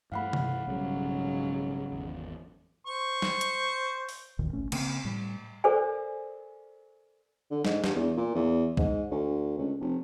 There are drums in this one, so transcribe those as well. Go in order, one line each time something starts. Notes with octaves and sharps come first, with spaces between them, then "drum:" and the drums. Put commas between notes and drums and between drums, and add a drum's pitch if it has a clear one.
G2 E3 A3 F5 F#5 B5
drum: tom C3
B1 G#2 C#3 F#3 G3
G#1 E2
C5 C#6
drum: snare
drum: hi-hat
drum: open hi-hat
G#1 D#2 A#2 D#3
G1 C2 A3 C#4
C#3 A#3 C4, drum: cymbal
A2 G3
A4 A#4 C5 D5 G#5
D3
G#2, drum: snare
G2, drum: snare
E2
A#2
E2
G#2, drum: kick B1
D2
C#2
F1